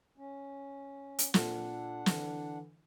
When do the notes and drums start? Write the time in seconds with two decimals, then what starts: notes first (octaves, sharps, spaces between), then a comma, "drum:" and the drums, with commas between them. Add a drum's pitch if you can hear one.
0.17 C#4
1.19 drum: hi-hat
1.34 A#2 D4 F4 A4 F#5, drum: snare
2.06 D3 E3, drum: snare